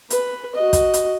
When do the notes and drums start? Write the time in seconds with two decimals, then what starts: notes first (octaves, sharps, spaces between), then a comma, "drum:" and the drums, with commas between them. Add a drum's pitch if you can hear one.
0.10 B4, drum: hi-hat
0.55 F#4 D#5
0.73 drum: kick, hi-hat
0.94 drum: hi-hat